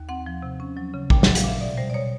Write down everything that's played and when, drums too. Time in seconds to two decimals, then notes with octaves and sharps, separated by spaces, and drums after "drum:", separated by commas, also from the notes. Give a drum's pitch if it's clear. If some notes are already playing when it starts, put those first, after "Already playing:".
Already playing: D#2
0.09 C4 F#5
0.26 F3
0.42 C3
0.60 C#4
0.77 F#3
0.94 C#3
1.10 A#2 G5, drum: kick
1.23 F#3 F#5, drum: snare
1.35 F5, drum: hi-hat
1.44 A#2 E5
1.60 B2 D5
1.77 G3 C5
1.90 D5
1.94 B2 C#5